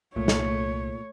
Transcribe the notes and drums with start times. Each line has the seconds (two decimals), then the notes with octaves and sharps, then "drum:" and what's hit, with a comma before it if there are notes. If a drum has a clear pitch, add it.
0.16 C2 A#2 A3 C#5
0.28 drum: snare